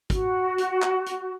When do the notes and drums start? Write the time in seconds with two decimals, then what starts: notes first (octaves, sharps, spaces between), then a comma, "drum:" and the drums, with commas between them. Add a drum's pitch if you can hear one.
0.10 F#4, drum: kick, hi-hat
0.58 drum: hi-hat
0.82 drum: clap
1.06 drum: hi-hat